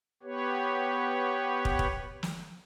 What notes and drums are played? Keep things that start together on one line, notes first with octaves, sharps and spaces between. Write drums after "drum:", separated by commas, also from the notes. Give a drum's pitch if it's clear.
B3 G4 B4 C#5
drum: kick
drum: kick
drum: snare